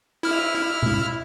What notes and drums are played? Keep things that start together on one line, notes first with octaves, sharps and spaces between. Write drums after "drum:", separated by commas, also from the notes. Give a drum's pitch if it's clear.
E4 F6, drum: cymbal
drum: tom B2